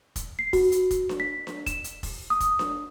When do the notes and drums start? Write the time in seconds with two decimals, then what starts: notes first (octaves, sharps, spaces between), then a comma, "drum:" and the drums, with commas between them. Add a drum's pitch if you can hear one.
0.16 drum: kick F1, hi-hat
0.39 C7
0.53 F#4, drum: kick F1, open hi-hat
0.72 drum: hi-hat
0.91 drum: kick F1, hi-hat
1.09 drum: snare D4
1.20 B6
1.47 drum: snare D4
1.67 E7, drum: kick F1, hi-hat
1.84 drum: hi-hat
2.03 drum: kick F1, open hi-hat
2.30 D#6
2.40 drum: kick F1, hi-hat
2.59 drum: snare D4